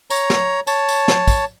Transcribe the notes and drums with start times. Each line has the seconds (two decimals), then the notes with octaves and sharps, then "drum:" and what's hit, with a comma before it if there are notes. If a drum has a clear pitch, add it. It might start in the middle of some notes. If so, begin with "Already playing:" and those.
0.10 C#5 A#5, drum: tambourine
0.30 drum: snare
0.67 C#5 A5, drum: tambourine
0.88 drum: tambourine
1.08 drum: snare
1.28 drum: kick, tambourine